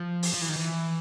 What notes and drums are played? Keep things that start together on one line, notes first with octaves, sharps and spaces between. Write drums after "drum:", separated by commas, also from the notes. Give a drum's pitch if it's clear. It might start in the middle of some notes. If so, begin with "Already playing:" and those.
Already playing: F3
drum: open hi-hat
F3
E3
D#3
E3